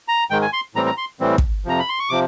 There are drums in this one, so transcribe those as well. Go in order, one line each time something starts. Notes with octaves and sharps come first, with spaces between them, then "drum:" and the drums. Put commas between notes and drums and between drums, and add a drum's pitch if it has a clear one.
A#5
G#2 D#3 G#3 G5
G#5
C6
A2 E3 G3 C4 A#5
A#5
C6
A2 E3 G3 C4
drum: kick
F2 C3 F3 A#5
B5
C6
C#6
C3 F3 D6